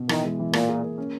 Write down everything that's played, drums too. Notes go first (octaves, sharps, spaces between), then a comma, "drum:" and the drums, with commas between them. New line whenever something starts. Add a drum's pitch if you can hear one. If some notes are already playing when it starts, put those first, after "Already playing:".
Already playing: B2
D#3 E3, drum: rim click
G#3
E3
A#2 A#3, drum: rim click
G#4
A#3
C#4